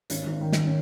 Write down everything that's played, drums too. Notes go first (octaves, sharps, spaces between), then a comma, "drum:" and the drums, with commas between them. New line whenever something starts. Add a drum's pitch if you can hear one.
G#1 C#4, drum: hi-hat
G#1
D#3
drum: snare
C#4